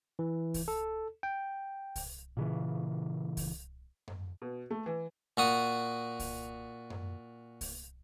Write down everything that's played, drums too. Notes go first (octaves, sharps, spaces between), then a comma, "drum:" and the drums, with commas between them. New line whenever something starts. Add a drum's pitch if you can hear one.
E3
drum: kick C2, open hi-hat
A4
G5
drum: kick C2, open hi-hat
A#2 C#3 E3
drum: kick C2, open hi-hat
drum: tom F#2
B2
A3
E3
A#2 F#4 D#6
drum: kick C2, open hi-hat
drum: tom F#2
drum: kick C2, open hi-hat